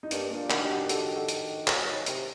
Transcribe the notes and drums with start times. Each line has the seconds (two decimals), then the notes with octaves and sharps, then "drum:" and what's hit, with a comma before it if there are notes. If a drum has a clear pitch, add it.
0.03 D#4
0.11 G2 A#3 D4, drum: hi-hat
0.31 A#2 A#3 D4
0.50 D#3 D4 F#4, drum: clap
0.64 G4
0.70 D#3 D4 F#4
0.81 G4
0.89 F#4 A4, drum: hi-hat
1.15 F#4 A4
1.28 drum: hi-hat
1.67 F#3, drum: clap
1.87 D#3
2.06 C3, drum: hi-hat